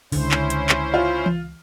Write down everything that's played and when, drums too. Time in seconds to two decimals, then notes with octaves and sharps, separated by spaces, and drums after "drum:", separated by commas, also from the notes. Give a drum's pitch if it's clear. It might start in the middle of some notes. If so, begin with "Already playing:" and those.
0.12 C#2 D3 C#4 E4 C5, drum: open hi-hat
0.31 drum: clap
0.50 drum: hi-hat
0.69 drum: clap
0.94 F4
1.26 drum: tom E3